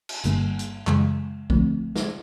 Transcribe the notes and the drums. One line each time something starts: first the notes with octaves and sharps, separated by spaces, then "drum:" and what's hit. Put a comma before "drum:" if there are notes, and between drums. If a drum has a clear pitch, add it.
drum: cymbal
G1 G2 D3 G3 A#3, drum: hi-hat
drum: hi-hat
F#2 C#3 E3 G#3, drum: clap
D3 F3 A3 C4, drum: kick B1
drum: snare